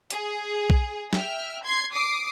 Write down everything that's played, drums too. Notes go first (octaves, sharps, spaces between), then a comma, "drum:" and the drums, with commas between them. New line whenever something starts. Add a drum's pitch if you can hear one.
G#4, drum: hi-hat
drum: kick B1
E5 G5 F6, drum: snare
C6 G#6 C7
D6 D#6 C7 D7